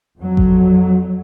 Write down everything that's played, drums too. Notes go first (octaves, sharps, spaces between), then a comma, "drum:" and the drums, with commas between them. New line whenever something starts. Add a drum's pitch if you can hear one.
F2 F#3
drum: kick G#1